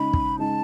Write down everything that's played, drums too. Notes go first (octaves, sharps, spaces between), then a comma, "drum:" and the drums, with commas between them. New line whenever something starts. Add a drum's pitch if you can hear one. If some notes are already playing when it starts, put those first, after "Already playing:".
Already playing: C#3 G#3 D#4 B5
drum: kick
C#3 G#3 D#4 A5